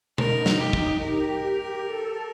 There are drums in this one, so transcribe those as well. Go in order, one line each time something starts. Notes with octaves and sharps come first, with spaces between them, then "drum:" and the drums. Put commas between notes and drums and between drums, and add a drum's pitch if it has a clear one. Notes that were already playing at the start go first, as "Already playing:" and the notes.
D#4 A#4, drum: tom B2
drum: snare
D#4 G4
drum: kick
G4 A#4
G4
A4